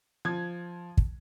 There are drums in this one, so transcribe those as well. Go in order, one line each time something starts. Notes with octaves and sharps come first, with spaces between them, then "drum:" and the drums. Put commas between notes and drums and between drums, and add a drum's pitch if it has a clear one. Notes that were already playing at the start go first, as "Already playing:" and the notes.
F3 G#6
drum: kick